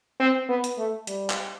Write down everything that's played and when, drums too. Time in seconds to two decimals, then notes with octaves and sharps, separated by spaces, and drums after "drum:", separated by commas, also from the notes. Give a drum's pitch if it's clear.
0.20 C4
0.49 B3
0.64 drum: hi-hat
0.78 A3
1.07 G3, drum: hi-hat
1.30 drum: clap